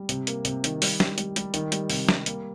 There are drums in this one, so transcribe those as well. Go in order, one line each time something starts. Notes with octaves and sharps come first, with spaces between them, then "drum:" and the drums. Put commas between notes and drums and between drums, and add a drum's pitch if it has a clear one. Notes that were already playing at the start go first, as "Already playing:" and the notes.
Already playing: G3
C3, drum: hi-hat
A#3, drum: hi-hat
C3, drum: hi-hat
D#3, drum: hi-hat
G3, drum: open hi-hat
G3, drum: snare
G3, drum: hi-hat
G3, drum: hi-hat
D#3, drum: hi-hat
G3, drum: hi-hat
C3, drum: open hi-hat
G3, drum: snare
A#3, drum: hi-hat